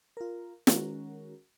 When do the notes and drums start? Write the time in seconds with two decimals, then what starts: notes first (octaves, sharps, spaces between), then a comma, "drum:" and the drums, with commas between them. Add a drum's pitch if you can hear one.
0.17 F4 A#4
0.67 D#3 G#3 C#4 F#4 A#4, drum: snare